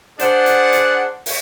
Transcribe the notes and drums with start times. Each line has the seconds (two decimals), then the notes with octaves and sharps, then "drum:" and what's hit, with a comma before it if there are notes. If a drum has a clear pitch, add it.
0.19 D4 G#4 C5 D5 F#5, drum: hi-hat
0.46 drum: hi-hat
0.73 drum: hi-hat
1.26 drum: open hi-hat